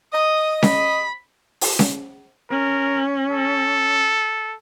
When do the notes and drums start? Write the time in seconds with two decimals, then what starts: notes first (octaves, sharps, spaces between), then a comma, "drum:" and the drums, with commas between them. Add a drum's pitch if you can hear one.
0.14 D#5 D#6
0.63 B5, drum: snare C#4
1.61 drum: open hi-hat
1.79 drum: snare C#4
2.50 C#4 A#4
3.31 A4